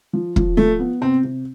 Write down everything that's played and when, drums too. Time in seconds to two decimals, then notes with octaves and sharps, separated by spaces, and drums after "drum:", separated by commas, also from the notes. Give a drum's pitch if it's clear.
0.13 F3
0.36 F3, drum: kick
0.57 F3 A3
0.80 B3
1.01 C3 C4
1.24 C3